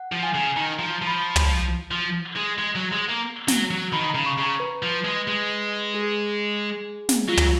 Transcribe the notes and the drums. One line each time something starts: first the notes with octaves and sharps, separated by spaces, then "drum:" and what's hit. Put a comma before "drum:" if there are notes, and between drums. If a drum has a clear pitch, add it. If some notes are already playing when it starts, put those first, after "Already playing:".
Already playing: F#5
F3
G#5
C#3
D#3 A#5
A#5
F3
F3
B5
drum: tom
F3
G#3
G#3
F#3
G#3
A#3
F#3, drum: snare
F#3
D#3 B5
A#5
C#3
C#6
C#3
A#5
B4
F3
G#3
G#3
G#4
drum: snare
F#3 F4
drum: tom